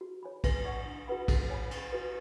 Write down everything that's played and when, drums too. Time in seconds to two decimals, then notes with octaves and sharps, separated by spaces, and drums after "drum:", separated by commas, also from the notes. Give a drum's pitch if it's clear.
0.01 F#4
0.23 C#5 G#5 B5
0.44 B4, drum: kick, cymbal
0.65 D5 F#5 C#6
0.85 D4
1.08 F#4 B4 F#5 B5
1.28 A4, drum: kick, cymbal
1.50 C#5 G#5 B5
1.71 C#4, drum: cymbal
1.93 F#4 B4